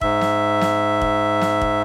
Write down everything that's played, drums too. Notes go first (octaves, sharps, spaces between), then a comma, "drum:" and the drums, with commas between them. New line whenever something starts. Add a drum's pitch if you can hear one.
G#2 E5, drum: kick
drum: snare
drum: snare
drum: kick
drum: snare
drum: kick